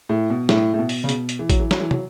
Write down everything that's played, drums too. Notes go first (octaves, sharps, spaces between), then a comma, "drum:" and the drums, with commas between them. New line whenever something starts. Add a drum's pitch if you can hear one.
A2
B2
A2, drum: snare
A2
B2
drum: open hi-hat
C#3
B2, drum: hi-hat
drum: hi-hat
E3
F#3, drum: kick A1, hi-hat
E3
F#3, drum: snare
E3
F#3, drum: tom